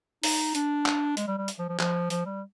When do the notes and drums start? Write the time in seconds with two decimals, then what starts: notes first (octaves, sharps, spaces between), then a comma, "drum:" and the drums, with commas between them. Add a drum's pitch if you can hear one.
0.23 D#4, drum: open hi-hat
0.55 D4, drum: hi-hat
0.86 drum: clap
1.17 G#3, drum: hi-hat
1.27 G3
1.38 G3
1.48 drum: hi-hat
1.59 F3
1.69 F3
1.79 F3, drum: clap
2.10 F3, drum: hi-hat
2.26 G3